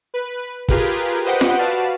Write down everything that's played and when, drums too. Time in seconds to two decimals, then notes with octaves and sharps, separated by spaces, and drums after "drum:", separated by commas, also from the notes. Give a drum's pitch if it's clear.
0.14 B4
0.69 F4 G4 G#4 A#4 B4, drum: kick
1.24 G4 B4 C5 D#5 F#5 G5
1.41 drum: snare F4
1.58 F#4 B4 D5 F5 A5